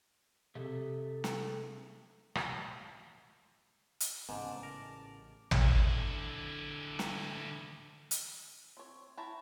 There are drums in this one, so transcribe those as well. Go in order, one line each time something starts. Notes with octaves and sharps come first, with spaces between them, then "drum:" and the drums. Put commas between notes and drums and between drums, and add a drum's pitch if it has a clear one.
C3 G#4 A4 E5
drum: snare
drum: rim click
drum: hi-hat
A1 G#2 C#3 B3 D5 A5
A#4
drum: tom
D3 E4
drum: snare
drum: hi-hat
C4 C#5
E4 C5 C#5 A5 A#5